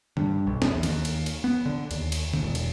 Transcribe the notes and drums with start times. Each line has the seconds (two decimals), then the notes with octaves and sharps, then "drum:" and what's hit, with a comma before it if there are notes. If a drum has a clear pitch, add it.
0.17 G2, drum: tom D3
0.47 B1
0.62 E2, drum: snare
0.83 D#2, drum: cymbal
1.05 drum: cymbal
1.26 drum: cymbal
1.44 B3
1.66 D3
1.91 D#2, drum: cymbal
2.12 drum: cymbal
2.34 drum: tom D3
2.43 E1
2.55 drum: cymbal